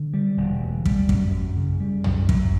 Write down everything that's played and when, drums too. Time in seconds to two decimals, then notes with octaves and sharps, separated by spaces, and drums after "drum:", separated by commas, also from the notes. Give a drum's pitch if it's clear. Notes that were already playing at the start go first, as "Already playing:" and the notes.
Already playing: D3
0.14 G3
0.37 E1
0.61 D2
0.85 G3, drum: kick
1.09 F#2, drum: kick
1.33 F#2
1.57 C#3
1.80 G3
2.04 F#2, drum: tom
2.29 F#2, drum: kick